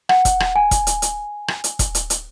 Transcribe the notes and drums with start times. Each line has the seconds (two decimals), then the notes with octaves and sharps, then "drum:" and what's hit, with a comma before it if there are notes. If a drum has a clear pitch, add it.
0.09 F#5, drum: rim click
0.25 drum: kick E1, hi-hat
0.40 drum: rim click
0.56 G#5
0.71 drum: kick E1, hi-hat
0.87 drum: hi-hat
1.02 drum: hi-hat
1.48 drum: rim click
1.64 drum: hi-hat
1.79 drum: kick E1, hi-hat
1.95 drum: hi-hat
2.10 drum: hi-hat